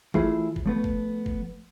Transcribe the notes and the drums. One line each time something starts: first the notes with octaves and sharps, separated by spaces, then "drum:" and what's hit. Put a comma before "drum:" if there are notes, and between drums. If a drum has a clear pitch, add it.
E3 A3 E4 F4 G#4 C5, drum: kick G1
drum: kick G1
F3 A3 B3
drum: kick G1
drum: kick G1